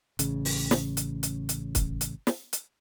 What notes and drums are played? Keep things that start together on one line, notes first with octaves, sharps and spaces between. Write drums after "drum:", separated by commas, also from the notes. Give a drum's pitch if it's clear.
A1 C#3, drum: hi-hat
drum: open hi-hat
drum: snare
drum: hi-hat
drum: hi-hat
drum: hi-hat
drum: kick, hi-hat
drum: hi-hat
drum: snare
drum: hi-hat